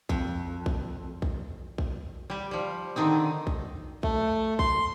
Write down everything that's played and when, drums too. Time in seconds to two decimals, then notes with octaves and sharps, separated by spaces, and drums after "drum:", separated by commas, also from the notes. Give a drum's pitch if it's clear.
0.09 F2, drum: kick A#1
0.66 drum: kick A#1
1.22 drum: kick A#1
1.78 drum: kick A#1
2.30 G3 G4
2.51 F3 G3
2.96 D3 D#3 C4 D#4
3.47 drum: kick A#1
4.03 A3, drum: kick A#1
4.59 C6, drum: kick A#1